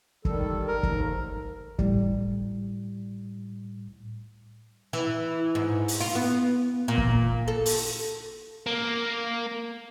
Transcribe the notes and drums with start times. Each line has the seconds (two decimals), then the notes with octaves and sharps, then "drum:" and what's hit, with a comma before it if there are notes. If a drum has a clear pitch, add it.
0.25 D#3 G3 A4, drum: kick
0.68 A#4
0.83 D#2 G#2, drum: kick
1.79 A2 G3, drum: kick
4.93 E3
5.55 G#2
5.88 drum: open hi-hat
6.00 F4
6.15 B3
6.88 A#2
6.98 drum: kick
7.48 A4
7.66 drum: open hi-hat
8.66 A#3